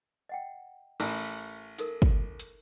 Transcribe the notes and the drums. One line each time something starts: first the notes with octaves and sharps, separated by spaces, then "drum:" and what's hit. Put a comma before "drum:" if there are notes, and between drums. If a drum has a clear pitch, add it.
D#5 F#5 G5
A1 A#4, drum: cymbal
D#4 A4 A#4, drum: hi-hat
drum: kick
drum: hi-hat